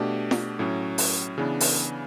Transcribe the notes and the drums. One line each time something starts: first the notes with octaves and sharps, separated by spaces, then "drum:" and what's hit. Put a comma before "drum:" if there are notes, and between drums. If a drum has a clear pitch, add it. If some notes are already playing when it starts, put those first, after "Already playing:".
Already playing: B2 A3 D4 G4
drum: snare F4
A2 F#3 C#4
drum: open hi-hat
C#3 E3 B3 D4
drum: open hi-hat